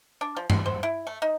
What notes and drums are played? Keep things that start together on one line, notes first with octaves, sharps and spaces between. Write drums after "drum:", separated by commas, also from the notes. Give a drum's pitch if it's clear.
D4
F3
C6, drum: tom G2
C5
E4
A3
D#4